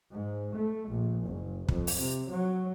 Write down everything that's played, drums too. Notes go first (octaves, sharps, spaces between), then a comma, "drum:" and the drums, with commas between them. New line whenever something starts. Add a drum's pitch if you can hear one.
G#2
A3
A#1
F#1
F2, drum: kick
drum: open hi-hat
C3
F#3